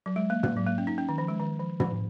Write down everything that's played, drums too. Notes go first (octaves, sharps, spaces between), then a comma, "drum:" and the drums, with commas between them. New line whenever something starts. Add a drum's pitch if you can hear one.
F#3
G#3
A#3
A#3, drum: tom
F#3
A#3
C#4
D#4
C#4
D#3
F3
G#3
D#3
F3
F3, drum: tom